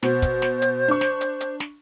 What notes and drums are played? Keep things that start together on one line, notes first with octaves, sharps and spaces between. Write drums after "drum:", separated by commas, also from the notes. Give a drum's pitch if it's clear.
B2 C5, drum: snare
drum: kick, hi-hat
drum: snare
drum: hi-hat
D4 C#6
drum: snare
drum: hi-hat
drum: hi-hat
drum: snare